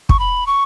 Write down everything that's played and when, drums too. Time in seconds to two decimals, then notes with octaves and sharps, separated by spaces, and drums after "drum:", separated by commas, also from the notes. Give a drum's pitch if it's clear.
0.09 C#6, drum: kick
0.19 B5
0.47 C#6